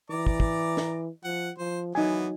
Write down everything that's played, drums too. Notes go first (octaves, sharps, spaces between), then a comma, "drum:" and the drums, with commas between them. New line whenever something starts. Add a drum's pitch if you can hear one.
E3 D5 A#5 D6
drum: kick
drum: kick
drum: snare
F3 F#5
F3 C5
E3 F#3 B3 D#4 G#5